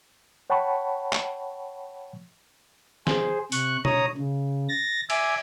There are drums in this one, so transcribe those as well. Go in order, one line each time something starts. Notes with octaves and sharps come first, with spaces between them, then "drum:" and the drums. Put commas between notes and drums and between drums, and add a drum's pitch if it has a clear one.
C#5 F#5 G5 A5 B5 C#6
drum: clap
G#4 C5, drum: snare
C3 C#6 F#6, drum: hi-hat
C#5 A#5 D#6, drum: tom B2
C#3
A6 A#6
E5 G#5 D6, drum: cymbal